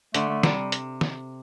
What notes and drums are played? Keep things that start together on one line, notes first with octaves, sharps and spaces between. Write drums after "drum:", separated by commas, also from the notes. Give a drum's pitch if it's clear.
D3 A3, drum: hi-hat
A3
C3 G3, drum: snare
drum: hi-hat
drum: snare